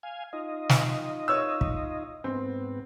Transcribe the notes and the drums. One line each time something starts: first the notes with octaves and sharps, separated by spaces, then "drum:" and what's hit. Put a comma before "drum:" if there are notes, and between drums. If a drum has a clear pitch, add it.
F5 G#5
D#4 F4 D#5
drum: snare
C#5 E6
drum: kick
G#2 B3 C4